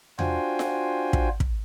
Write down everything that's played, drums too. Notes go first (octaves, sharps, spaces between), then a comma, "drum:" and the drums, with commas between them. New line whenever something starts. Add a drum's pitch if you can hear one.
D4 F4 F#4 C5 G5 G#5, drum: tom E2
drum: snare F4
drum: kick
drum: kick